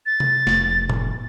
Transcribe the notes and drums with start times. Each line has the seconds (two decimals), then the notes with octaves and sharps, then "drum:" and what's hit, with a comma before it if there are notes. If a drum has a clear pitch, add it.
0.06 A6
0.20 drum: tom C3
0.47 F1, drum: snare
0.90 drum: tom A2